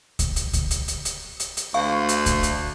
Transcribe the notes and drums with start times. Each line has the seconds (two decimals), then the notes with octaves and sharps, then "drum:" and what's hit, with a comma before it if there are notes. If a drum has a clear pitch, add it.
0.19 drum: kick C#2, hi-hat
0.36 drum: hi-hat
0.54 drum: kick C#2, hi-hat
0.71 drum: hi-hat
0.88 drum: hi-hat
1.05 drum: hi-hat
1.40 drum: hi-hat
1.57 drum: hi-hat
1.74 D2 F5 C#6
2.09 drum: hi-hat
2.26 drum: kick C#2, hi-hat
2.43 drum: hi-hat